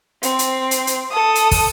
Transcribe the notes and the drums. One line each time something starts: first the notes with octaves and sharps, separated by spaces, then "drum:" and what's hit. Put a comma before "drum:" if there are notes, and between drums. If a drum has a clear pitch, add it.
C4, drum: hi-hat
drum: hi-hat
drum: hi-hat
drum: hi-hat
A4 D#6
drum: hi-hat
drum: kick, open hi-hat